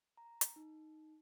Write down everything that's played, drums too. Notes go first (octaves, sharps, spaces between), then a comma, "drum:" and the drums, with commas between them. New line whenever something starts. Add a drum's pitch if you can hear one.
A#5
drum: hi-hat
D#4